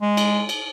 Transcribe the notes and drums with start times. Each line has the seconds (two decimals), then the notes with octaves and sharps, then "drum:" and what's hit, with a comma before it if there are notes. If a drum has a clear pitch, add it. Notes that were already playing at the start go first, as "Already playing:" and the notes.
0.02 G#3
0.17 drum: cymbal
0.49 drum: cymbal